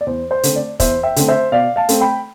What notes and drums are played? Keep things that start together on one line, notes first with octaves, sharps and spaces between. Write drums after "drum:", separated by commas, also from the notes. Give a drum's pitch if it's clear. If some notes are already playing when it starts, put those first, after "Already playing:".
D5
E2 C5
C5
D3 A3 C4, drum: hi-hat
D5
E2 C5 E5, drum: kick, hi-hat
E5 G5
D3 A3 C4, drum: hi-hat
C5 E5
B2 D5 F5
F5 A5
A3 C4, drum: hi-hat
G5 B5